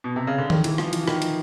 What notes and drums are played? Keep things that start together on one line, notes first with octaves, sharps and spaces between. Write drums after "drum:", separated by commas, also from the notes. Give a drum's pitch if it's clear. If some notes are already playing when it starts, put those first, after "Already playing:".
B2
C3
C#3
D3
D#3, drum: tom D#3
E3, drum: hi-hat
F3, drum: rim click
E3, drum: hi-hat
E3
D#3, drum: rim click
drum: hi-hat